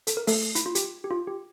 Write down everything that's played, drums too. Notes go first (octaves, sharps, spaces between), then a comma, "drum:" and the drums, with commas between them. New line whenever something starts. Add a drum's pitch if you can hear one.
A4, drum: hi-hat
A#4
A3 A4, drum: open hi-hat
E4, drum: hi-hat
F4
G4, drum: hi-hat
G4
F4
G4